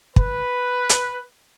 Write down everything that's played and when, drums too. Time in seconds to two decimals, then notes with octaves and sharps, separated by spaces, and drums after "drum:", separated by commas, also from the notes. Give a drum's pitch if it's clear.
0.16 B4, drum: kick
0.89 drum: hi-hat